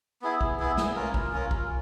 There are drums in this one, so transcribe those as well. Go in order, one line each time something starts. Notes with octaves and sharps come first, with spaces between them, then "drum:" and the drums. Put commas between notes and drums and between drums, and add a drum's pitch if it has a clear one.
B3 E4 G#4
drum: kick
B3 E4 G#4
drum: snare
C#4 F4 A#4
drum: kick
C#4 F4 A#4
drum: kick